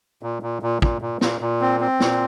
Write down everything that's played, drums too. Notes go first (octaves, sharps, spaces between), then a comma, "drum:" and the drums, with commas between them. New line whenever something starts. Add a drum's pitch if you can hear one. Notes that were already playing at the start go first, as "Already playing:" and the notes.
A#2
A#2
A#2
A#2, drum: kick
A#2
A#2, drum: snare
A#2
C4
C4
A#2, drum: snare